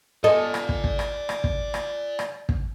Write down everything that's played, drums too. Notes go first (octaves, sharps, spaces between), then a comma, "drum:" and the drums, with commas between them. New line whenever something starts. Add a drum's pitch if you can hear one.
A4 D5 D#5 G#5
drum: rim click
drum: kick
drum: kick
drum: rim click
drum: rim click
drum: kick
drum: rim click
drum: rim click
drum: kick